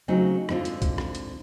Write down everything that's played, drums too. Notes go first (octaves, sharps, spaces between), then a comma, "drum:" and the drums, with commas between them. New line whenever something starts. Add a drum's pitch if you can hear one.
C#3 F#3 A3 C4 D#4
G#2 D3 C4 F4, drum: rim click
drum: hi-hat
drum: kick B1, hi-hat
drum: rim click
drum: hi-hat